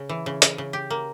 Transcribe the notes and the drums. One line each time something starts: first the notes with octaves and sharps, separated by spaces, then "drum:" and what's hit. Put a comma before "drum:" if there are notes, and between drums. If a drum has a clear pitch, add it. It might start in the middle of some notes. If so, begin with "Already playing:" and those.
Already playing: C#3
E3
C#3
C#3, drum: hi-hat
C#3
G4
A#3